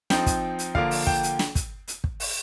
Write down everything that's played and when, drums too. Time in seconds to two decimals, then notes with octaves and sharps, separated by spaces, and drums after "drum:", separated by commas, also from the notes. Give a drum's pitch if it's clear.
0.10 F3 C4 D#4 G5, drum: snare
0.26 drum: kick, hi-hat
0.59 drum: hi-hat
0.75 D3 F3 A#3 F5, drum: kick
0.91 drum: open hi-hat
1.07 G5, drum: kick
1.23 drum: hi-hat
1.39 drum: snare
1.55 drum: kick, hi-hat
1.88 drum: hi-hat
2.04 drum: kick
2.20 drum: open hi-hat